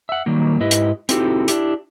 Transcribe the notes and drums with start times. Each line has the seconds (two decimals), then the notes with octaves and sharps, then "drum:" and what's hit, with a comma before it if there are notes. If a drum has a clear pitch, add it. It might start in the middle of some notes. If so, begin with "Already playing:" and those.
0.09 E5 F#5
0.26 D#3 F#3 G3 A#3
0.60 G#2 E4 G4 B4 D#5
0.71 drum: hi-hat
1.09 C4 D#4 E4 F#4 G4 A4, drum: hi-hat
1.48 D4 E4 G4, drum: hi-hat